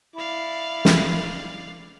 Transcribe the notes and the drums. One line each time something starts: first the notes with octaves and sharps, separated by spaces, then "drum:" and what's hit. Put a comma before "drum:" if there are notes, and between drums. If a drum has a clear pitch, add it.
E4 D5 F5
drum: snare